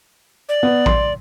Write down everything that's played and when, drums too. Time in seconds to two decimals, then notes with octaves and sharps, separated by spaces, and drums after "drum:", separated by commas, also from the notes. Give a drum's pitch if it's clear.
0.49 D5
0.63 B3
0.86 C6, drum: kick A1